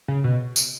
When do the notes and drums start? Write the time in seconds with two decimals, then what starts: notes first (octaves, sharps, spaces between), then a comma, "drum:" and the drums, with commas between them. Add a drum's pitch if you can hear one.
0.08 C#3
0.24 B2
0.56 drum: tambourine